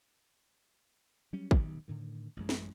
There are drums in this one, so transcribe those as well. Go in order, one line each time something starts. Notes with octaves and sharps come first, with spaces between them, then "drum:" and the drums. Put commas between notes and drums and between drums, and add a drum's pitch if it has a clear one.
F#3 G3 C#4
D#1 B1 C3 D#3, drum: kick
A2 D3 D#3
A1 F#2 G#3
drum: snare